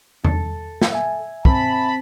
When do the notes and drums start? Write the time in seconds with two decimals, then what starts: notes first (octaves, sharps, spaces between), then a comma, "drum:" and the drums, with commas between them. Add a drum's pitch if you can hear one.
0.24 A4, drum: tom E2
0.82 drum: snare
0.93 E5 G#5
1.45 C4 A5 B5, drum: kick